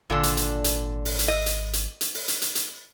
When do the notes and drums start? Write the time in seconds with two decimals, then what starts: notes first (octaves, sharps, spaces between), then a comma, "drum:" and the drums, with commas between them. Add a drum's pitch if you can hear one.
0.10 G#1 A#2 D3 D4
0.23 drum: hi-hat
0.37 drum: hi-hat
0.64 drum: hi-hat
1.05 drum: open hi-hat
1.19 drum: hi-hat
1.28 D#5
1.46 drum: hi-hat
1.73 drum: hi-hat
2.01 drum: hi-hat
2.14 drum: open hi-hat
2.28 drum: hi-hat
2.42 drum: hi-hat
2.55 drum: hi-hat